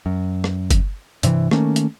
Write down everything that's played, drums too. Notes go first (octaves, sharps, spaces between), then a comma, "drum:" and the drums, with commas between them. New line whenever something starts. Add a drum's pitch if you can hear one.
F#2
drum: rim click
drum: kick F#1, hi-hat
G2 C3 D#3 E3, drum: hi-hat
D#3 A3 A#3 C#4, drum: rim click
drum: hi-hat